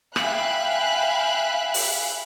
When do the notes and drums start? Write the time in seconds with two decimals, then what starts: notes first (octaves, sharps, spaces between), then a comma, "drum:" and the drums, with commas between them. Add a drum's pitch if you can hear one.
0.16 E5 F5 G5 G#5 B5 F#6, drum: rim click
1.74 drum: open hi-hat